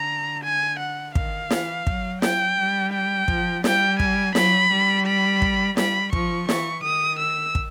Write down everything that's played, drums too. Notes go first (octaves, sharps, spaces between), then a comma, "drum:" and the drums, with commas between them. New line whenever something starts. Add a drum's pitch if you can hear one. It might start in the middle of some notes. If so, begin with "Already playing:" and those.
Already playing: D3 A#5
G#5
F#5
D#3 F5, drum: kick
E3, drum: snare
F#3, drum: kick
G5, drum: snare
G3
G5
F3, drum: kick
G3 G5, drum: snare
G#5, drum: kick
F#3 B5, drum: snare
G3
B5
drum: kick
G3 B5, drum: snare
F3 C#6, drum: kick
E3 C#6, drum: snare
D#3 D#6
E6
drum: kick